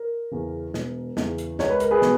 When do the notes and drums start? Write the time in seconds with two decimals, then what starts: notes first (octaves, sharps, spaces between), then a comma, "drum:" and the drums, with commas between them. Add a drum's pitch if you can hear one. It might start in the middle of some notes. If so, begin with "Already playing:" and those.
Already playing: A#4
0.31 E2 C#3
0.74 E1, drum: snare
1.17 E2 C#3, drum: snare
1.38 drum: hi-hat
1.59 C#2 C#5, drum: snare
1.70 B4
1.80 A#4, drum: hi-hat
1.91 G#4 B4
2.02 B2, drum: snare